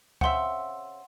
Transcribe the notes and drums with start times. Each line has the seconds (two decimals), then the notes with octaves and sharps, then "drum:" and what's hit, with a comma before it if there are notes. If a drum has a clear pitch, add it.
0.21 C#3 C4 E5 F#5 C6, drum: kick D2